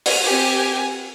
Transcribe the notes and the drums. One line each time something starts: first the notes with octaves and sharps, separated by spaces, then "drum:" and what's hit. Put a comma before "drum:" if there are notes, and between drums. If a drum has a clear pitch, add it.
drum: open hi-hat
C4 G4 G#5